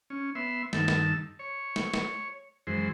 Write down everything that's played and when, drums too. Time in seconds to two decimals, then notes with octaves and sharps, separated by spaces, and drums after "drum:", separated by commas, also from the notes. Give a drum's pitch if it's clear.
0.10 C#4
0.35 B3 E5 C6
0.73 G2 D#3 A5 E6, drum: snare
0.88 drum: snare
1.39 C#5
1.76 drum: snare
1.94 drum: snare
2.67 F#2 E3 G#3 C5